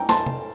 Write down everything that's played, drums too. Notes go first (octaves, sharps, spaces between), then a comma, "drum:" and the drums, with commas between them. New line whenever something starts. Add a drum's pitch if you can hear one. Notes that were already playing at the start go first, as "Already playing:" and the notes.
Already playing: G5 A#5
A5 C6, drum: snare
drum: tom